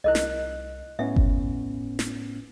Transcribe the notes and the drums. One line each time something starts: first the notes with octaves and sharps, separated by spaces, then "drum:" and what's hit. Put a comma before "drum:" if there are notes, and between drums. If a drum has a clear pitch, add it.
C2 E4 A#4 D#5 F#6
drum: snare
A2 B3 C#4 E5
drum: kick G1
drum: snare